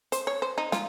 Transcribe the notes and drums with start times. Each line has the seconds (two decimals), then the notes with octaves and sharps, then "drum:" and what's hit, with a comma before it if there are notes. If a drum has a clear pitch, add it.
0.12 C5, drum: hi-hat
0.27 C#5
0.42 C5
0.58 D#4
0.72 F4, drum: snare